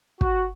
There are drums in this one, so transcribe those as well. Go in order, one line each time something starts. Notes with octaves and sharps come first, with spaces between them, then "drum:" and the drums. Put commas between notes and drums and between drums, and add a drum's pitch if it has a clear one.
F#4, drum: kick